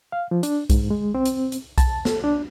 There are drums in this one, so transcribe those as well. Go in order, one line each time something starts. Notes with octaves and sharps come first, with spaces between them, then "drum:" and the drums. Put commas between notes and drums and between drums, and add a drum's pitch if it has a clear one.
F5
F3
D4, drum: hi-hat
G#2, drum: kick B1, hi-hat
G#3
C4
drum: hi-hat
drum: hi-hat
A5, drum: kick B1, hi-hat
A4, drum: snare
D4